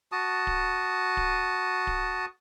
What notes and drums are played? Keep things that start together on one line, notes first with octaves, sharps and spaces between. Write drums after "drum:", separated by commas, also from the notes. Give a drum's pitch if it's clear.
F#4 A5 D#6
drum: kick D1
drum: kick D1
drum: kick D1